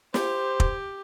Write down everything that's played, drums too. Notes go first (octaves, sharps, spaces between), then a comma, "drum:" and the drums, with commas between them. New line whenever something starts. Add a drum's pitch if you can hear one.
G4 C5, drum: snare
drum: kick